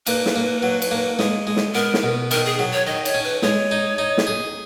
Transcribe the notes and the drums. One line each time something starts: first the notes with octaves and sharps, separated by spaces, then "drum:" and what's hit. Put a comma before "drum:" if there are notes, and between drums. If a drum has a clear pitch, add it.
A#3 B4, drum: cymbal
drum: snare
A#3
F#3
drum: cymbal
A#3
G#3, drum: snare
G#3
drum: snare
B3 A#4
drum: snare
B2
D#3 A#4, drum: cymbal
G#4
F#3
C#5
D#3 D#5
C#5, drum: cymbal
C#4
B4
G#3 C#5, drum: snare
D#4
D#4
drum: snare
G#4